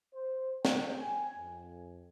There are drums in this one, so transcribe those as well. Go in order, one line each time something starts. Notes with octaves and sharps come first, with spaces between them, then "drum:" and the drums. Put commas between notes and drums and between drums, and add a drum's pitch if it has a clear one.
C5
G5, drum: snare
G#5
F2